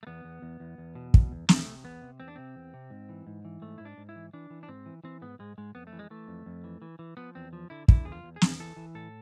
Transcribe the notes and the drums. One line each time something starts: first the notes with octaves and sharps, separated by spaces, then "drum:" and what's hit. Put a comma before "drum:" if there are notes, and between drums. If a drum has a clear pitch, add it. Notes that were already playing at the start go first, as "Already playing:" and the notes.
A3
E2 B3
E2
E2
E2
E2
B2
E2, drum: kick
E2
E2 A3, drum: snare
C3
E2 B3
C3
E2 C4
D4
C3 C4
E2
C3
G#2
E3
G#2
E3
G#2 A3
G#2 E4
D4
G#2
E4
E3
E3 D4
E3
D4
G#2 C4
E3
E3 C4
G#2 B3
G#2 G#3
G#2 G#3
F2 B3
A3
E3
G#3
E3 A3
F2
F2
E3
E3
E3
F3 B3
E2 C4
F3
D3 E4
D3 E4, drum: kick
E2 G#4
F4
E2
G#4
E2, drum: snare
E3 A4
E3
A2 A4